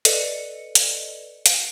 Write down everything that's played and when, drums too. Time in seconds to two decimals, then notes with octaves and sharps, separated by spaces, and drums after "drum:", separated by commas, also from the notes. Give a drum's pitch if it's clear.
0.05 A4 B4 D5 D#5 C#7, drum: hi-hat
0.75 drum: hi-hat
1.46 drum: hi-hat